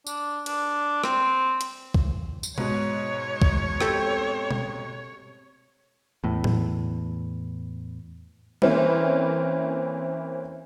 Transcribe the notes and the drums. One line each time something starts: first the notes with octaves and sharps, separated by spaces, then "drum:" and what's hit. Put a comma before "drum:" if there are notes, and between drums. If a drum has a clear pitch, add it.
D4, drum: tambourine
D4, drum: cymbal
C4, drum: rim click
drum: hi-hat
drum: kick
drum: tambourine
G#2 B2 C#5, drum: tom B2
drum: kick
C4 G4 A4, drum: rim click
drum: tom B2
E2 A2
drum: tom A2
E3 A#3 C4 C#4 E4 B4, drum: tom G3